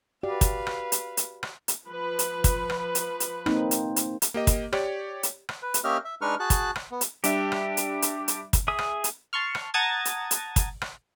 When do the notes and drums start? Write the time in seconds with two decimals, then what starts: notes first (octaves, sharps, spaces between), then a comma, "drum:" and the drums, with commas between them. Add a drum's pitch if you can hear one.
0.23 F#4 G4 B4 D5 F5
0.41 drum: kick, hi-hat
0.67 drum: rim click
0.92 drum: hi-hat
1.17 drum: hi-hat
1.43 drum: rim click
1.68 drum: hi-hat
1.86 F3 B4
2.19 drum: hi-hat
2.44 drum: kick, hi-hat
2.70 drum: rim click
2.95 drum: hi-hat
3.20 drum: hi-hat
3.46 A#3 C4 D#4, drum: rim click
3.71 drum: hi-hat
3.96 drum: hi-hat
4.22 drum: hi-hat
4.34 A#3 G4 D#5
4.47 drum: kick, hi-hat
4.72 G4 C#5 D5, drum: rim click
5.23 drum: hi-hat
5.49 drum: rim click
5.62 B4
5.74 drum: hi-hat
5.84 A#3 C#4 G4 D#5 E5 F6
6.05 E5
6.22 G#3 D4 D#4 B4 C#6 F6
6.40 F#4 G#4 A5 F#6
6.50 drum: kick, hi-hat
6.75 drum: rim click
6.91 B3
7.01 drum: hi-hat
7.24 G3 D4 G4 E5, drum: hi-hat
7.52 drum: rim click
7.77 drum: hi-hat
8.02 drum: hi-hat
8.28 drum: hi-hat
8.53 drum: kick, hi-hat
8.68 G#4 E5 D#6
8.78 drum: rim click
9.04 drum: hi-hat
9.33 A5 C6 C#6 F6
9.55 drum: rim click
9.74 F#5 A5 A#5 D#6 G#6 A6
10.05 drum: hi-hat
10.31 drum: hi-hat
10.56 drum: kick, hi-hat
10.81 drum: rim click